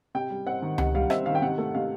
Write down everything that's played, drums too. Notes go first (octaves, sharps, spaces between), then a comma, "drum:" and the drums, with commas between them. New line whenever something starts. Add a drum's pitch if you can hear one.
C3 G5
G3
C4 F#5
D#3
C3 F#5, drum: tom C#2
G3 F5
C4 E5, drum: rim click
D#3 F5
G5
C3 F#5
A3
C3 F5